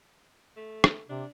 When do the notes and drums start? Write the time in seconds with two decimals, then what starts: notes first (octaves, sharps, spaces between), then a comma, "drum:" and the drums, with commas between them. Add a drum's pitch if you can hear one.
0.57 A3
0.84 drum: rim click
1.09 C3 D4